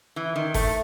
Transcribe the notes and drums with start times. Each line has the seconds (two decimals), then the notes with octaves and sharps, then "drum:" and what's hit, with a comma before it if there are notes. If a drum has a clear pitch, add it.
0.16 E3
0.36 D#3
0.54 A3, drum: kick G1, open hi-hat